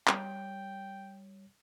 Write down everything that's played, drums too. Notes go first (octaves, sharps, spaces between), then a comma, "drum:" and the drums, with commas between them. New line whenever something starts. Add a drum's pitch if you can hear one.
G3 C#5 G5, drum: clap